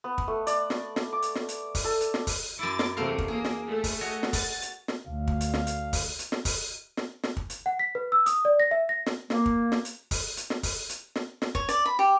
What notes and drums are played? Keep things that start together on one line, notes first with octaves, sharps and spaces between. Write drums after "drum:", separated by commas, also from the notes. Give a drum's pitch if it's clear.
B3
drum: kick
A3
D5, drum: hi-hat
drum: snare
drum: snare
D6
drum: hi-hat
drum: snare
drum: hi-hat
drum: kick, open hi-hat
A4
drum: hi-hat
drum: snare
drum: kick, open hi-hat
F#2 E4 D6 A6
drum: snare
E2 C3 A3 A#3 F5
drum: kick
A#3 G#4
drum: snare
A3
drum: kick, open hi-hat
F#4 C#5 D#5
drum: snare
A6, drum: kick, open hi-hat
drum: hi-hat
drum: snare
D2 F5
drum: kick
drum: hi-hat
drum: snare
drum: hi-hat
drum: kick, open hi-hat
drum: hi-hat
drum: snare
drum: kick, open hi-hat
drum: snare
drum: snare
drum: kick
drum: hi-hat
F#5
B6
B4
E6
D#6, drum: hi-hat
D5
A#6
E5
A#6
drum: snare
A#3, drum: snare
drum: kick
drum: snare
drum: hi-hat
drum: kick, open hi-hat
drum: hi-hat
drum: snare
drum: kick, open hi-hat
drum: hi-hat
drum: snare
drum: snare
C#5, drum: kick
D5, drum: hi-hat
B5
G4